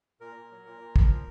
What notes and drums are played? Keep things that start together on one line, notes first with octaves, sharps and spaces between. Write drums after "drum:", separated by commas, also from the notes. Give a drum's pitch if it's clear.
A#2 A#4
A#2
F#3
A#2
A#2
F3, drum: kick
A#2